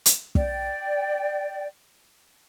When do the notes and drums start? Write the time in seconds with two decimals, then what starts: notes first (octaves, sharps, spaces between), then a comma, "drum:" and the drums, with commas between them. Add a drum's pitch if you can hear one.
0.06 drum: hi-hat
0.35 D5 G5, drum: kick